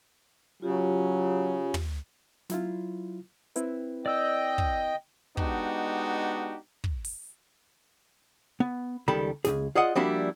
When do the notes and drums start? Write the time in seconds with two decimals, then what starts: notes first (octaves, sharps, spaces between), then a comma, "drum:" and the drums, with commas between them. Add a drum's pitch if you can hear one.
0.62 C#3 F#3 F4 G4
1.74 drum: tom
2.50 F#3 E4 F4, drum: snare
3.56 C4 E4 B4, drum: hi-hat
4.06 D5 D#5 G5 E6
4.58 drum: kick
5.37 G#3 B3 D4 D#4 F#4 G4, drum: kick
6.84 drum: kick
7.05 drum: open hi-hat
8.60 B3
9.08 C#2 D#3 G3 A4 B5
9.45 C#2 C3 G#4, drum: snare
9.75 F4 G#4 D5 D#5 F#5
9.95 F3 G3 A#3 D4 E4 F#4